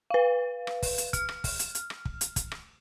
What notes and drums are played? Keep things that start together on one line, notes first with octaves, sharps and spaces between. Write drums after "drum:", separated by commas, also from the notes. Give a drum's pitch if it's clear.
B4 F5
drum: rim click
drum: kick, open hi-hat
drum: hi-hat
F6, drum: kick, hi-hat
drum: rim click
drum: kick, open hi-hat
drum: hi-hat
drum: hi-hat
drum: rim click
drum: kick
drum: hi-hat
drum: kick, hi-hat
drum: rim click